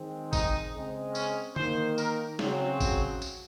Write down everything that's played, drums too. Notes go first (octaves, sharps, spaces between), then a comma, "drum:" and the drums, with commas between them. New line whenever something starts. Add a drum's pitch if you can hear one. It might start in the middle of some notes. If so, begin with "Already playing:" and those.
Already playing: D#3 G#3 C4
D#4, drum: kick G#1, tambourine
C#3 G#3 C4
C#4, drum: tambourine
D#3 A#3 C5, drum: tom D3
A#4, drum: tambourine
C#3 F#3 C4, drum: snare
drum: kick G#1, tambourine
drum: tambourine